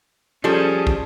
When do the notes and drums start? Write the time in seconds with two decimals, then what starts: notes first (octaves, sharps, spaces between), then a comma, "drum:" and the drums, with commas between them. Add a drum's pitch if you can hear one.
0.44 F3 G3 C#4 G#4 A4
0.87 drum: kick